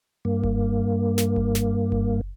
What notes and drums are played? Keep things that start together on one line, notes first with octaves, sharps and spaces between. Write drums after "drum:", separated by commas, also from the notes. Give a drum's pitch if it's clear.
G2 A#3
drum: kick F#1
drum: snare
drum: kick F#1
drum: snare
drum: kick F#1